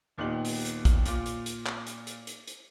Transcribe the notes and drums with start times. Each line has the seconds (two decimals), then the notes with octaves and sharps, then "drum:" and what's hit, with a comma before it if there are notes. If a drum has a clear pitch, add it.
0.18 D#2 A#2 B3 D#4 G4 F#7
0.45 drum: open hi-hat
0.65 drum: hi-hat
0.85 drum: kick, hi-hat
1.06 A#2 F4 D6, drum: hi-hat
1.26 drum: hi-hat
1.46 drum: hi-hat
1.66 drum: clap
1.87 drum: hi-hat
2.07 drum: hi-hat
2.27 drum: hi-hat
2.47 drum: hi-hat